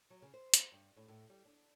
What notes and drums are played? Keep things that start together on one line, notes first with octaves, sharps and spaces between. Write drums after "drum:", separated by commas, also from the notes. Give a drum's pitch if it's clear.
F#3
C#3
C5
drum: hi-hat
G2
A2
A2
G3
D4